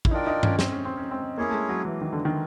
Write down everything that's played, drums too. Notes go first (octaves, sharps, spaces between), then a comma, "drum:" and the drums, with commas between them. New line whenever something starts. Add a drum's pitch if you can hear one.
E4, drum: kick
D4 D#4 F4 A#4 D5 G5
D#4
C#4, drum: tom G2
C4, drum: snare
C#4
C4
C#4
C4
A#3 C#4 E4 G#4 C#5
A3
G#3
F#3
E3
D#3
D3
D#3